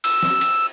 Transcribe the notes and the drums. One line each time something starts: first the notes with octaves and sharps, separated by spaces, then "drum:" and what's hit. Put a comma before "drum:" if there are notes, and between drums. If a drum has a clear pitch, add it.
E6, drum: cymbal
drum: snare
drum: cymbal